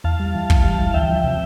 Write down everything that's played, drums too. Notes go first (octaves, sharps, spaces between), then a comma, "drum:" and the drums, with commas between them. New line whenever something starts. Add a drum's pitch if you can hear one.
E2 F5 A5
G3
E3
G2, drum: kick
G3
E3
D2 E5 G5
F3
C3